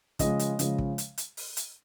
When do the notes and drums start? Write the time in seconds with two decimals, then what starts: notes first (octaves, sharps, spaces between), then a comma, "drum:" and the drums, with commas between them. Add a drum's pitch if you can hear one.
0.19 C#3 F3 G#3 D#5, drum: kick, hi-hat
0.39 drum: hi-hat
0.59 C#3 F3 G#3, drum: hi-hat
0.78 drum: kick
0.98 drum: hi-hat
1.18 drum: hi-hat
1.37 drum: open hi-hat
1.57 drum: hi-hat